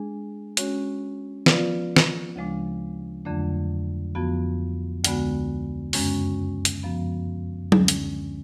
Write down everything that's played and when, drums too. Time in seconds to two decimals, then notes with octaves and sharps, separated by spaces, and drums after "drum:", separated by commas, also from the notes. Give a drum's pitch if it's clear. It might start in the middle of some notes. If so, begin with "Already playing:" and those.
Already playing: G#3 D4 G#4
0.57 G#3 C#4 F#4 C#5, drum: hi-hat
1.46 F3 B3 F4 B4 D5, drum: snare
1.96 drum: snare
2.36 D2 C#3 F3 G#3 D4
3.25 F2 D3 F#3 A3 D4
4.15 F2 F3 B3 F#4
5.04 D2 D3 G#3 B3 F#4, drum: hi-hat
5.93 F#2 C#3 G#3 C#4 F#4, drum: open hi-hat
6.65 drum: hi-hat
6.83 F#2 F3 B3
7.72 D2 D3 G#3 C#4, drum: tom F#3
7.88 drum: hi-hat